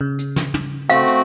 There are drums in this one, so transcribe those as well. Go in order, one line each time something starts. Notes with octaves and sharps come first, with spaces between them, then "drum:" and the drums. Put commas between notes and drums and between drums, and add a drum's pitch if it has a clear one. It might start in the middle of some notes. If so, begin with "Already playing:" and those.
C#3
drum: hi-hat
drum: snare
drum: tom
A3 C4 F#4 F5, drum: hi-hat
drum: hi-hat